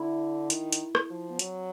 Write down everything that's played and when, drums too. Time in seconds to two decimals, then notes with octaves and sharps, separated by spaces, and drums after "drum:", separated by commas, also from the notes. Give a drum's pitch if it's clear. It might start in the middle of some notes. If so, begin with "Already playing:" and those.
Already playing: D3 E4
0.50 D#3, drum: hi-hat
0.72 drum: hi-hat
0.95 drum: rim click
1.10 F3
1.30 B3
1.39 F#3 C4, drum: hi-hat